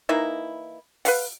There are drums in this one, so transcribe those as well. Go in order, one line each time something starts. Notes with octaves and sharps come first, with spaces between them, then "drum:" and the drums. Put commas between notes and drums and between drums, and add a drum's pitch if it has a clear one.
E3 A#3 D#4 E4
B4 F5 F#5, drum: open hi-hat